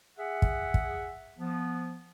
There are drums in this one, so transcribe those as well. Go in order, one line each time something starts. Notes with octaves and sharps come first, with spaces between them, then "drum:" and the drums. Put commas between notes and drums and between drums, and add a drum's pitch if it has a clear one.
G#4 E5 F#5
drum: kick
drum: kick
F3 B3